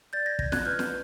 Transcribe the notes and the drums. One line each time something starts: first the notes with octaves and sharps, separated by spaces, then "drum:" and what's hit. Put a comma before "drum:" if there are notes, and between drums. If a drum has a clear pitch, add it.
D5 G6 A6
G#6 A#6
D5 G#6 A#6, drum: kick
F#6 G#6, drum: snare
B4 F6 G6
drum: snare